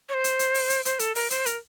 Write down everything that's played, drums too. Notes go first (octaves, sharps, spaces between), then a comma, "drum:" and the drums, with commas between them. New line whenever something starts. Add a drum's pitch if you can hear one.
C#5
C5
drum: hi-hat
drum: hi-hat
drum: open hi-hat
drum: hi-hat
C5, drum: hi-hat
A4, drum: hi-hat
A#4, drum: open hi-hat
C5, drum: hi-hat
A#4, drum: hi-hat